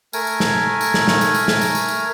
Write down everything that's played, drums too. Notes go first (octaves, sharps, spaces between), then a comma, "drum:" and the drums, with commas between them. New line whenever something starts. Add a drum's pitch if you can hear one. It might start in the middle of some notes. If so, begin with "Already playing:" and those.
A3 A#4 G#5, drum: tambourine
drum: tambourine
drum: snare
drum: tambourine
drum: snare
drum: snare
drum: tambourine
drum: tambourine
drum: snare
drum: tambourine
drum: tambourine
drum: tambourine